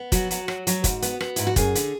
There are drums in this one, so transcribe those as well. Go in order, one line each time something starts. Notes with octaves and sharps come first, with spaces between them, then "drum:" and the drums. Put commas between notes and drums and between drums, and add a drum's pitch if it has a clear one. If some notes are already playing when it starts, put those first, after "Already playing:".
Already playing: B3
F#3 F#4, drum: kick, hi-hat
F#3, drum: hi-hat
F#3, drum: rim click
F#3, drum: hi-hat
G#2, drum: kick, hi-hat
B3, drum: hi-hat
B3, drum: rim click
G#2 E4, drum: hi-hat
F#4
F#2 G#4, drum: kick, hi-hat
D3, drum: hi-hat